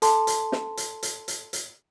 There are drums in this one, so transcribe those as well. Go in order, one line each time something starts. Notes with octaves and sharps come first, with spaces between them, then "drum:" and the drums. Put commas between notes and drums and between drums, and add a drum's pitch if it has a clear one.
A4 A5 C6, drum: hi-hat
drum: hi-hat
drum: snare
drum: hi-hat
drum: hi-hat
drum: hi-hat
drum: hi-hat